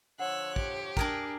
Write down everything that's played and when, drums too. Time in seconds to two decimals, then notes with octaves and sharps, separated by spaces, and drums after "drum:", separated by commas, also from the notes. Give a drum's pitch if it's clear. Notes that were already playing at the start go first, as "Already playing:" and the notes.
0.19 D3 F3 C#5 F#5 E6 F#6
0.56 G4, drum: kick
0.97 D4 G#4 A#4 G5, drum: kick